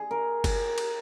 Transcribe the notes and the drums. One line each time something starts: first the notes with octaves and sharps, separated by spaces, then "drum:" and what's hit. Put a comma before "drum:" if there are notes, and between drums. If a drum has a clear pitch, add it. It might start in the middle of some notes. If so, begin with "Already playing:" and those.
Already playing: G#4
A#4
A#4, drum: kick F#1, cymbal
drum: cymbal